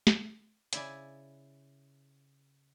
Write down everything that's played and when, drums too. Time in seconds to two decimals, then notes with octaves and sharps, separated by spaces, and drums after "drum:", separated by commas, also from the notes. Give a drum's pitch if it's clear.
0.07 drum: snare
0.73 C#3 E4 D5 G#5, drum: hi-hat